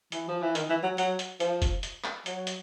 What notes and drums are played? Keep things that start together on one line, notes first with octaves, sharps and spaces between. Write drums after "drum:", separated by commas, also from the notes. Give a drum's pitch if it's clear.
E3, drum: hi-hat
F3
E3
D#3, drum: hi-hat
E3
F#3
F#3, drum: hi-hat
drum: hi-hat
F3, drum: hi-hat
drum: kick F1, hi-hat
drum: hi-hat
drum: clap
F#3, drum: hi-hat
drum: hi-hat